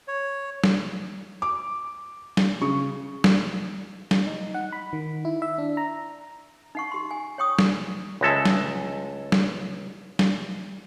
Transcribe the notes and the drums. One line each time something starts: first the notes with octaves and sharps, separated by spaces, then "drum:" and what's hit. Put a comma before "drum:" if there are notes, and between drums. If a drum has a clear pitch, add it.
C#5
drum: snare
D6
drum: snare
C#3 C#6
drum: snare
drum: snare
D#4
F#5
B5
D#3
E4
E5
D4
A#5
D#4 F#5 C#6
G4 C6
G#5
C#5 G5 C#6 D#6
drum: snare
C#2 G#3 A4 E5
drum: snare
drum: snare
drum: snare